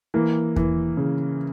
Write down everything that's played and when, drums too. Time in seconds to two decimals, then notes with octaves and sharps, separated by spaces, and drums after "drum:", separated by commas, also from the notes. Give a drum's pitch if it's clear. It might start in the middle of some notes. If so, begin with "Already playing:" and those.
0.14 E3 A#3
0.56 E3, drum: kick E2
0.97 C#3